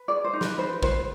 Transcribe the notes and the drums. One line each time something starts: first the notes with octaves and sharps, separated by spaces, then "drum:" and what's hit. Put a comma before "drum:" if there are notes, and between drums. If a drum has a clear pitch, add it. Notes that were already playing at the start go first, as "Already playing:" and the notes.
Already playing: B4
G#4 D5
C5
D#4
B4, drum: snare
B4 C5
B4 C5, drum: kick